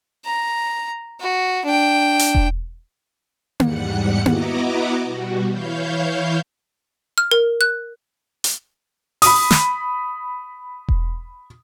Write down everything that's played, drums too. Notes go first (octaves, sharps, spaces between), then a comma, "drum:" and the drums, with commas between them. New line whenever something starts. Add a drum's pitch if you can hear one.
A#5
F#4
D4 G5
drum: hi-hat
drum: kick E1
E2 G#2 G3 F#5 F#6 C#7, drum: tom A#3
B3 E4 F#4 D#5 A#5 D6, drum: tom A#3
B2 G3 F#4
E3 E4 C#5 F5 G6
F6
A#4
F#6
drum: hi-hat
B5 D#6, drum: open hi-hat
drum: snare
drum: kick E1